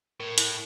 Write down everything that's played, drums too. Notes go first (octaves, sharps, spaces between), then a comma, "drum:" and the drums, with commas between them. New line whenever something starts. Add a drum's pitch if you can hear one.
A2 A#4
E4, drum: hi-hat